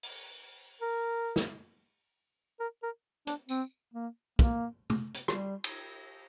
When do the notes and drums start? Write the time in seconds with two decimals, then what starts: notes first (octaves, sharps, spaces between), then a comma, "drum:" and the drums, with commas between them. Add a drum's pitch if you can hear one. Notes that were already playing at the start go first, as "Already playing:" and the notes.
0.03 drum: open hi-hat
0.82 A#4
1.36 drum: snare
2.60 A#4
2.83 A#4
3.27 D4, drum: hi-hat
3.49 C4, drum: tambourine
3.94 A#3
4.39 A#3, drum: kick
4.90 drum: tom
5.14 drum: hi-hat
5.28 G3, drum: rim click
5.64 drum: cymbal